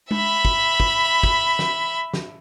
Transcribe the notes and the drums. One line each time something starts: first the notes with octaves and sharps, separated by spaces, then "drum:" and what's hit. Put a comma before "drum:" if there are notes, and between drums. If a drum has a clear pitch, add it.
E5 B5, drum: tom G#3
drum: kick
drum: kick
drum: kick
drum: snare
drum: snare